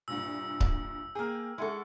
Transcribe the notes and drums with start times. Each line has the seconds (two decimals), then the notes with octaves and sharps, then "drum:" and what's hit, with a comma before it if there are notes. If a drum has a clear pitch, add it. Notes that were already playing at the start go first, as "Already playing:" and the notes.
0.08 C2 G2 A#2 E6
0.60 drum: kick C#1
1.15 A#3 G#4 G5 F6
1.58 G#3 E4 A4 F#5 C#6